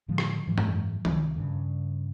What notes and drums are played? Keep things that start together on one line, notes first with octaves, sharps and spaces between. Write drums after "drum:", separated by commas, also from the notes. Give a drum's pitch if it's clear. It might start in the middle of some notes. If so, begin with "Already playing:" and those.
A2 D3 F3 G#3
drum: rim click
G#2 E3 F#3 G#3
drum: tom F#2
C2, drum: tom D#3
G2 C#3